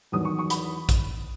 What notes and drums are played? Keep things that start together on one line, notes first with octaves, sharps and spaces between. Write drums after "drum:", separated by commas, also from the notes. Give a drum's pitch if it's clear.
E2 D#3 F#3 D#6
C#6
C#6
B5, drum: hi-hat
drum: kick A#1, hi-hat